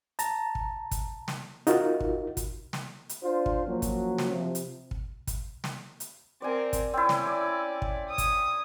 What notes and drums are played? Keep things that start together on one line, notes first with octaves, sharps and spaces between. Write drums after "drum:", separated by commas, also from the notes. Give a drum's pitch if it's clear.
A5 A#5, drum: hi-hat
drum: kick
drum: kick, hi-hat
drum: snare
D#4 F4 F#4 A#4, drum: hi-hat
drum: kick
drum: kick, hi-hat
drum: snare
drum: hi-hat
D4 F4 C5
drum: kick
F3 F#3 A#3 C#4 F#4
drum: kick, hi-hat
drum: snare
C3 F3
drum: hi-hat
drum: kick
drum: kick, hi-hat
drum: snare
drum: hi-hat
C4 A#4 D5 G#5
drum: kick, hi-hat
C4 C#4 E4 D5
drum: snare
D6
drum: kick
D#6
drum: kick, hi-hat